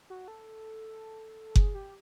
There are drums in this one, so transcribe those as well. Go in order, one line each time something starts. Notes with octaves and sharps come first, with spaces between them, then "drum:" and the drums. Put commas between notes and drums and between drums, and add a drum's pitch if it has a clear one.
F#4
A4
G#4, drum: kick F#1
G4